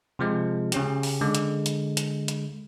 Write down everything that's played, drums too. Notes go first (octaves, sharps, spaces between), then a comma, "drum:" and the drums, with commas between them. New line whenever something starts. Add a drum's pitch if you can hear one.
C3 F3 G#3
C#3 C#4 G4, drum: hi-hat
drum: open hi-hat
D3 G#3
drum: hi-hat
drum: hi-hat
drum: hi-hat
drum: hi-hat